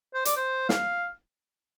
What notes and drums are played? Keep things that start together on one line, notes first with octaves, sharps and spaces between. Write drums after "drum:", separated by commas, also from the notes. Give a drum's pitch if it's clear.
C5
D5, drum: hi-hat
C5
F5, drum: snare